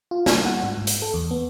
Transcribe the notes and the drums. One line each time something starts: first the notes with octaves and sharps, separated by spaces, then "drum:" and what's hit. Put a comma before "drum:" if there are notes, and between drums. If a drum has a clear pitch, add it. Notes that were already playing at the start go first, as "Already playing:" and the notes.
F4
D4, drum: snare
F#5
G#2
G#2
drum: hi-hat
A4
E2
B3